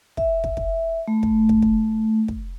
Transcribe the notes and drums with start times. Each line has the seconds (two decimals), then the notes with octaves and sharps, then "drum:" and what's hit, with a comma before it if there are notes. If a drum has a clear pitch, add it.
0.17 E5, drum: kick
0.44 drum: kick
0.57 drum: kick
1.08 A3
1.23 drum: kick
1.49 drum: kick
1.62 drum: kick
2.28 drum: kick